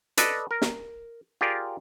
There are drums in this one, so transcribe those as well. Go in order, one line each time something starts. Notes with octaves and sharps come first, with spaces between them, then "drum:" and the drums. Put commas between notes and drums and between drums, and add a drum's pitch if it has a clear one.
A4 B4 D5 D#5, drum: hi-hat
A#4
drum: snare
F4 G4 G#4 A#4 D5